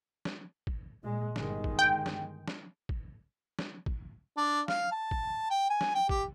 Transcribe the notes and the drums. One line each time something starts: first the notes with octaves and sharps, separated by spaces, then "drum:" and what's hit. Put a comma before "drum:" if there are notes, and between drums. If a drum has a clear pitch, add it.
drum: snare
drum: kick
A#2 G#3
G1 D#3 G#3, drum: snare
drum: kick
G5
drum: snare
drum: snare
drum: kick
drum: snare
drum: kick
D4
F5, drum: snare
A5
drum: kick
G5
G#5
drum: snare
G5
G4, drum: kick